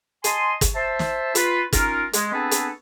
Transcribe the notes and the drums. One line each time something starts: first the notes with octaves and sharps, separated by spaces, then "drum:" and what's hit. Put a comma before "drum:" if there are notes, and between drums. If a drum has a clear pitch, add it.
D#5 G#5 A5 C6, drum: hi-hat
drum: kick G1, hi-hat
C5 E5 A5
drum: snare
F4 B4, drum: hi-hat
C#4 D#4 F4 A#4, drum: kick G1, hi-hat
G#3, drum: hi-hat
B3 C4 D4 G#4 A4 B4
drum: hi-hat